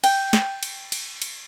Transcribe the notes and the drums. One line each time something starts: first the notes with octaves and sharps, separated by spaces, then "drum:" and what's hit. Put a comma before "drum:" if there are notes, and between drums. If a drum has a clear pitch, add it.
G5, drum: cymbal
drum: snare
drum: cymbal
drum: cymbal
drum: cymbal